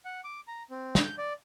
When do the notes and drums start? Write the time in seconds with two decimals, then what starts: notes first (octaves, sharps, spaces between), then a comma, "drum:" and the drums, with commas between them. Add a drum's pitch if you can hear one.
0.05 F#5
0.24 D6
0.48 A#5
0.70 C4
0.95 drum: snare
1.04 G6
1.18 D5